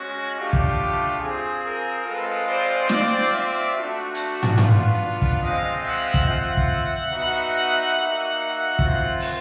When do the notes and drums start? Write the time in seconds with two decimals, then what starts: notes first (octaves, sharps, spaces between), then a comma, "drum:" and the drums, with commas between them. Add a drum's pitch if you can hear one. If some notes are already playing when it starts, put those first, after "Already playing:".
Already playing: G#3 C#4 F#4
0.37 A3 D4 F4 G4
0.53 drum: kick
1.21 C4 F4 G#4
1.63 G#4 A#4
2.05 G#3 C4 F4 A4 B4
2.47 C5 D5
2.89 C4 F4 C5 D5, drum: snare
3.32 D5 E5
3.74 A3 D4 F#4
4.15 drum: hi-hat
4.43 drum: tom
4.58 B3 D4 F4, drum: tom
5.22 drum: kick
5.42 G#3 C4 F4 D#5 F5
5.84 E5 F#5
6.14 drum: kick
6.26 C4 F4 E5 F#5
6.57 drum: kick
7.10 B3 D#4 F#4
7.95 A#3 D#4 F#4
8.79 C4 F4, drum: kick
9.20 drum: open hi-hat